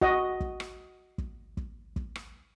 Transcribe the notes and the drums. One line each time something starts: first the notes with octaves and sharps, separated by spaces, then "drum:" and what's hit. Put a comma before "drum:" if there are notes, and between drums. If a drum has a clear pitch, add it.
F#4 D#5, drum: kick
drum: kick
drum: rim click
drum: kick
drum: kick
drum: kick
drum: rim click